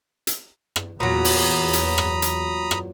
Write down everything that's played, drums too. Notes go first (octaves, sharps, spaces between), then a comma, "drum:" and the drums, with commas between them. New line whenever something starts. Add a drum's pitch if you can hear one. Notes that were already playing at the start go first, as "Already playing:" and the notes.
drum: hi-hat
drum: rim click
E2 A#2 F#3 A#5 B5 D#6
drum: open hi-hat
drum: hi-hat
drum: rim click
drum: hi-hat
drum: rim click